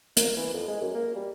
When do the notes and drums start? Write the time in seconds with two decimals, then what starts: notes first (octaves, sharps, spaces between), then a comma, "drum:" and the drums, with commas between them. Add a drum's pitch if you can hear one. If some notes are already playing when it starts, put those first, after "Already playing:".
0.17 A#3, drum: hi-hat
0.37 E3
0.53 F2
0.68 G#3
0.82 F#2
0.95 A#3
1.15 G3